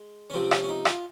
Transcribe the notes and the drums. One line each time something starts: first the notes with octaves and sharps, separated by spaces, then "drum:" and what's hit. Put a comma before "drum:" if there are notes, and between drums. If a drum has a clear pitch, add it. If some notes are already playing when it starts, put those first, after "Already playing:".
Already playing: G#3
C#4
C#2 C3 F3 C4
C#4, drum: rim click
C#4
D#4
F4, drum: rim click